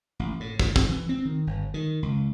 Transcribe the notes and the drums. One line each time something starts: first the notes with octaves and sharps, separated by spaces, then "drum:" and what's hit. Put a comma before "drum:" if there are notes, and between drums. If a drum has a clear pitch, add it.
A1
A2
A#2, drum: kick
C4, drum: kick
E3
C4
D#3
G1
D#3
C#2